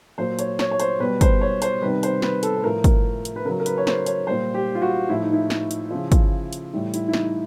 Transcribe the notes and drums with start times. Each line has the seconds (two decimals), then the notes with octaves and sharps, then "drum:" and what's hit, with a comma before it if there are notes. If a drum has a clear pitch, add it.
0.18 A#2 F#3 C5
0.39 C#5, drum: hi-hat
0.59 C#5, drum: snare
0.71 C#5
0.80 C5, drum: hi-hat
1.00 B2 G3 B4
1.21 C5, drum: kick, hi-hat
1.41 C#5
1.62 C5, drum: hi-hat
1.82 C3 D#3 G3 B4
2.03 C5, drum: hi-hat
2.22 B4, drum: snare
2.43 A4, drum: hi-hat
2.57 B4
2.63 A2 F3 A#4
2.84 drum: kick, hi-hat
3.25 drum: hi-hat
3.36 B4
3.45 C#3 F#3 A#4
3.60 A#4
3.66 B4, drum: hi-hat
3.78 C#5
3.87 C5, drum: snare
4.06 C#5, drum: hi-hat
4.27 A#2 G3 C5
4.54 G4
4.75 F4
4.82 F#4
5.09 A2 F3 E4
5.21 D#4
5.33 E4
5.50 drum: snare
5.71 drum: hi-hat
5.91 C#3 F3
6.12 drum: kick, hi-hat
6.53 drum: hi-hat
6.73 A2 E3 G3
6.94 E4, drum: hi-hat
7.08 E4
7.13 D#4, drum: snare